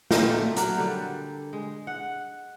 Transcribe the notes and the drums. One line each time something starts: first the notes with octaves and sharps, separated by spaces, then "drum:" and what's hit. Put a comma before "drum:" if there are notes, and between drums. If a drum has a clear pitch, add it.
A#2 A#4 G5, drum: snare
A3 D5
F#3 D4 A#4, drum: hi-hat
D3 G3
G#3
F#5